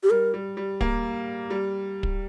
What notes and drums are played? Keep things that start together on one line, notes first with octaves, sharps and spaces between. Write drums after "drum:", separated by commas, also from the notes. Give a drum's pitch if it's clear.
G4
G3 A#4
G3
G3
A#3, drum: kick
G3
drum: kick